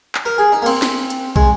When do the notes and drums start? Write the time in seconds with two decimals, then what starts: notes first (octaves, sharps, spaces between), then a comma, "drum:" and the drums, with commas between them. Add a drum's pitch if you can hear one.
0.15 drum: clap
0.25 A#4
0.38 G#4
0.52 D#4
0.62 A#3
0.66 C4, drum: cymbal
0.82 drum: snare
1.10 drum: hi-hat
1.36 G#3, drum: kick